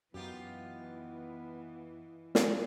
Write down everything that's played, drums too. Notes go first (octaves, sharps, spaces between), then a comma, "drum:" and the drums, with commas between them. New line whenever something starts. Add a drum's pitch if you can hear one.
F#2 E3 B3 D#4 F4 G4
drum: snare